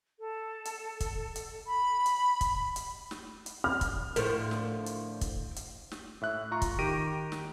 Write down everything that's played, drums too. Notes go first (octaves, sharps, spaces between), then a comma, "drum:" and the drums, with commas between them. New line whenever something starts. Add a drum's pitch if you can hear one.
A4
drum: hi-hat
drum: kick, hi-hat
drum: hi-hat
B5
drum: hi-hat
drum: kick, hi-hat
drum: hi-hat
drum: snare
drum: hi-hat
F6
drum: kick, hi-hat
A2 D3 F3 A#4, drum: hi-hat
drum: snare
drum: hi-hat
drum: kick, hi-hat
drum: hi-hat
drum: snare
A2 E5 F#6
F4 A#5 C#6
drum: kick, hi-hat
D#3 G4 A#6 D7 D#7
drum: snare